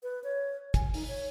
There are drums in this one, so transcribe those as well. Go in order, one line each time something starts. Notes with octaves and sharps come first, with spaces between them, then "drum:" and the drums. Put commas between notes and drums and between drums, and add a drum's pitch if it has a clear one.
B4
C#5
G#5, drum: kick, hi-hat
D#4, drum: open hi-hat
C#5